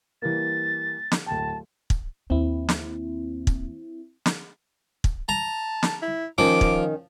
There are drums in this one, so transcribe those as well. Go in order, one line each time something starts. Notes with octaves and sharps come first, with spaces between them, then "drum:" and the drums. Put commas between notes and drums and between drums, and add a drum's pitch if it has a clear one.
E3 G3 A#3 A6
drum: snare
D1 G5 A5
drum: kick
D#2 C4 E4
drum: snare
drum: kick
drum: snare
drum: kick
A5 A#5
drum: snare
E4
D#3 F3 C#4 D6
drum: kick